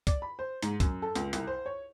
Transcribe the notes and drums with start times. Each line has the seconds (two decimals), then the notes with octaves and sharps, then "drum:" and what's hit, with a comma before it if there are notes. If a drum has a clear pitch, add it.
0.07 D5, drum: kick, hi-hat
0.22 B5
0.39 C5
0.63 G#2, drum: hi-hat
0.80 F#2, drum: kick, hi-hat
1.02 A4
1.15 C#2, drum: hi-hat
1.33 C2, drum: hi-hat
1.47 C5
1.66 C#5